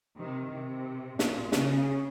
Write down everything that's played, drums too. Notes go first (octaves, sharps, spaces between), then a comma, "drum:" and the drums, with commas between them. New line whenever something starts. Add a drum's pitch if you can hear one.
C3 D#3
C3
A#2, drum: snare
C#3, drum: snare